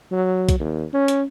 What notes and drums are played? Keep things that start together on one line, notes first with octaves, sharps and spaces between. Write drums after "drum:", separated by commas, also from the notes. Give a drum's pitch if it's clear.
F#3
drum: kick A#1, hi-hat
D#2
C#4
drum: hi-hat